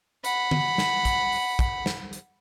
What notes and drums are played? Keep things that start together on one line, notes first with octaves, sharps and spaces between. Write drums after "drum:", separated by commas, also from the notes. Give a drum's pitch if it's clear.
F#5 B5, drum: hi-hat
drum: tom
drum: snare
drum: kick, hi-hat
drum: open hi-hat
drum: kick, hi-hat
drum: snare
drum: hi-hat